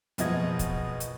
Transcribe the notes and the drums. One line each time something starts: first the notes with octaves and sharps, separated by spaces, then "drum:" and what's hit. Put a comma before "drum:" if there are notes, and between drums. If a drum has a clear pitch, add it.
F#1 B2 F3 D#5 G#6, drum: hi-hat
drum: kick, hi-hat
drum: hi-hat